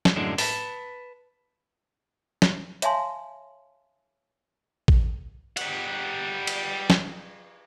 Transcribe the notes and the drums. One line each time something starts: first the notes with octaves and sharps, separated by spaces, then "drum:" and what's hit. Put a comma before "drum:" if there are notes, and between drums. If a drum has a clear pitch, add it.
drum: snare
F#2 A2 D3 G#3 D4
B4 A5, drum: open hi-hat
drum: snare
C#5 E5 F5 G#5 A5 C6, drum: hi-hat
drum: kick
G3 F#5, drum: cymbal
drum: cymbal
drum: snare